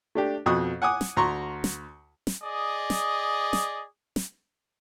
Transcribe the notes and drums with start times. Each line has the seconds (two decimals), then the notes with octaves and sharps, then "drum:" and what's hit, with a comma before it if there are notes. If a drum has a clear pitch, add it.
0.15 A3 D4 G4
0.46 F2 B2 C#6 D#6 F#6
0.82 F#5 G#5 D6 D#6
1.01 drum: snare
1.17 D2 A#5 C6 C#6
1.64 drum: snare
2.27 drum: snare
2.43 G#4 D5 D#5
2.90 drum: snare
3.53 drum: snare
4.16 drum: snare